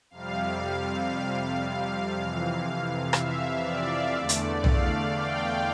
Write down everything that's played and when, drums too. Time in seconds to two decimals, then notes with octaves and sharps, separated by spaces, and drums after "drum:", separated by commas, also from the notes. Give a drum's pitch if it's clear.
0.11 F2 C3 G3 F5
1.62 F5
2.12 F2 C3 E3
3.13 E5, drum: rim click
3.63 D5
4.14 E2 D3 A3
4.29 drum: hi-hat
4.64 F5, drum: tom
5.14 G5